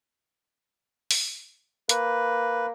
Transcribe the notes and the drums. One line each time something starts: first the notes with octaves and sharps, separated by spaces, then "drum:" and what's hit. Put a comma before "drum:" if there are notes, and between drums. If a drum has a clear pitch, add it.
drum: open hi-hat
A#3 B4, drum: hi-hat